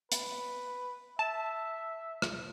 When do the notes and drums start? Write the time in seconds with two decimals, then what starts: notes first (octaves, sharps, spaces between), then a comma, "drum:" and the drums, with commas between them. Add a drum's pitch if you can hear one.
0.12 B4, drum: hi-hat
1.19 E5 A5
2.22 drum: rim click